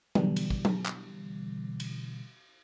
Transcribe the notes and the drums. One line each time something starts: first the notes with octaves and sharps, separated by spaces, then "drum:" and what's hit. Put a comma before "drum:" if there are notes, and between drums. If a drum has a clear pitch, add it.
B2 D3 E3 G3, drum: tom F#3
drum: cymbal
drum: kick
drum: tom F#3
drum: clap
drum: cymbal